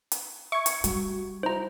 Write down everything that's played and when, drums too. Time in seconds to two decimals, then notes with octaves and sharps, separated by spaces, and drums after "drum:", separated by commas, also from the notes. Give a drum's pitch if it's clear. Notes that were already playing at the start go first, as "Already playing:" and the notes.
0.12 drum: hi-hat
0.52 E5 C#6 G#6
0.66 drum: hi-hat
0.84 G3 F#4, drum: hi-hat
1.43 D#4 E4 F#4 C5 A#5